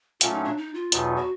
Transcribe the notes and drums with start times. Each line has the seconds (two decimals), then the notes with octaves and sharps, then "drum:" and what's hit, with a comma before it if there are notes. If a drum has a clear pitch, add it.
0.21 A#2 F#3 A3 C#4 F4, drum: hi-hat
0.33 D#4
0.45 D4
0.57 D#4
0.74 F4
0.92 E2 B2 F#3 B3 D#4, drum: hi-hat
1.16 F#4